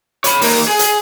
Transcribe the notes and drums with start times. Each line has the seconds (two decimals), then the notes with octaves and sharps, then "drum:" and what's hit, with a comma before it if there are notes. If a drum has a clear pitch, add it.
0.24 C#5 B5, drum: hi-hat
0.41 D#2 A#3, drum: open hi-hat
0.68 G#4
0.79 drum: hi-hat